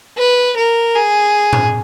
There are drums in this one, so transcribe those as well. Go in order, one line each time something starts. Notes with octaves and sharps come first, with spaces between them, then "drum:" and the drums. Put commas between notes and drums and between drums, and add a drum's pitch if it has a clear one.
B4
A#4
G#4
drum: tom A2